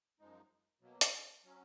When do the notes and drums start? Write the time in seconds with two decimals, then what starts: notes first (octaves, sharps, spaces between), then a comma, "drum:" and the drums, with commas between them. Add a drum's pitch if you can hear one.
0.20 F#2 F3 G#3 D#4
0.81 B2 F#3 A#3
1.01 drum: hi-hat
1.44 F#3 C#4